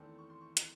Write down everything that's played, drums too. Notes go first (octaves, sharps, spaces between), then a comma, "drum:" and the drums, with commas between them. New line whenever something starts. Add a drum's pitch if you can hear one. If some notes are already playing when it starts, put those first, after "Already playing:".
Already playing: E2 D#3 A3 C4 A5
C#6
C6
C#6
drum: hi-hat